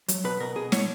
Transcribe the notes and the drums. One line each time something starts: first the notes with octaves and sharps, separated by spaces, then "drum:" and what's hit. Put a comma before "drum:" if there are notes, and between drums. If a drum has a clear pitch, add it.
F#3, drum: hi-hat
B2 B4
B2 A#4
B2 G#4
B2 C#5, drum: snare